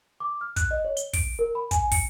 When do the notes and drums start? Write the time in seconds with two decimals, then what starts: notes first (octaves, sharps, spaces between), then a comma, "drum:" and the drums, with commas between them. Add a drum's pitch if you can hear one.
0.20 D6
0.41 F6
0.56 F#6, drum: kick, hi-hat
0.71 D#5
0.85 C#5
0.97 G7, drum: hi-hat
1.13 D7, drum: kick, open hi-hat
1.39 A#4
1.55 B5
1.71 G#5, drum: kick, hi-hat
1.91 C#7, drum: kick, open hi-hat